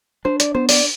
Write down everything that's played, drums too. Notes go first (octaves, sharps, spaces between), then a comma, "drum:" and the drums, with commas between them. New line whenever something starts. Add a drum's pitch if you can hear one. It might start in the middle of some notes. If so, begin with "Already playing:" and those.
D4 C5
D5, drum: hi-hat
B3 C5
D5, drum: open hi-hat